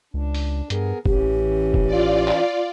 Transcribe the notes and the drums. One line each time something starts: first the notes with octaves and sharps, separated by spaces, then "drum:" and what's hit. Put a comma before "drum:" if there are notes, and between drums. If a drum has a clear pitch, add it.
C#2 D4
drum: open hi-hat
G2 B3 G#4 A#4, drum: hi-hat
A1 E3 C#4 G4, drum: kick
drum: kick
F4 D5
drum: clap